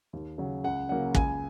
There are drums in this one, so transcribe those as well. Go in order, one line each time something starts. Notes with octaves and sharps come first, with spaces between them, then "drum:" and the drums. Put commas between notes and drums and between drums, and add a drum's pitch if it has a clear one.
D#2
C#3 F#3
C#2 F#5
C#3 F#3 A#3 C#4 F#5
C#2 G#5, drum: kick